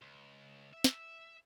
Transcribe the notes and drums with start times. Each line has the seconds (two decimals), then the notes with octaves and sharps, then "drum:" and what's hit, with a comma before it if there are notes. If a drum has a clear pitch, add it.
0.02 C#2
0.73 E5
0.84 drum: snare